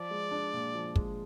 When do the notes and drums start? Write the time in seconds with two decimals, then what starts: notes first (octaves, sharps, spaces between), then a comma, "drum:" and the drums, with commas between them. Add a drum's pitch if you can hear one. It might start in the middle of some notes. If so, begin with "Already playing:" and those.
Already playing: F3 D5
0.11 G#3
0.31 D4
0.53 A#2
0.74 F3
0.96 G#3, drum: kick